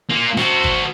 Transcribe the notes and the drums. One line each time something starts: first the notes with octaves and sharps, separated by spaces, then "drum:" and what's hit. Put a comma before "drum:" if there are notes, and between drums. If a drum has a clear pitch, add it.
A#3 F4
F#4 C5, drum: rim click
drum: kick